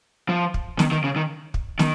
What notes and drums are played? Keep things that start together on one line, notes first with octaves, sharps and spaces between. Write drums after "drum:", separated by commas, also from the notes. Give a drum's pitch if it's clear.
F3
drum: kick
D#3, drum: snare
D#3
C#3
D#3
drum: kick
D#3, drum: snare